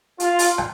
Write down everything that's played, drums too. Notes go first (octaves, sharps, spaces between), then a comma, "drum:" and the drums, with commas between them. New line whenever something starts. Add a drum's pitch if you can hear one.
F4, drum: hi-hat
drum: open hi-hat
drum: rim click